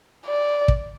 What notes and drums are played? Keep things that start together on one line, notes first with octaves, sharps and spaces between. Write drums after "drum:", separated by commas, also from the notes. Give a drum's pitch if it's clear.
D5
drum: kick